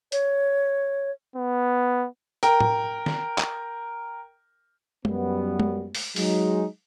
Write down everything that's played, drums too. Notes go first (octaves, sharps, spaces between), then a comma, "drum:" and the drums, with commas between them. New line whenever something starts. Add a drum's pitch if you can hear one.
C#5, drum: hi-hat
B3
A#4 G5, drum: hi-hat
drum: tom A2
drum: snare
drum: clap
F#2 G3 B3, drum: tom G#3
drum: tom G#3
drum: open hi-hat
F#3 G#3 D#4, drum: open hi-hat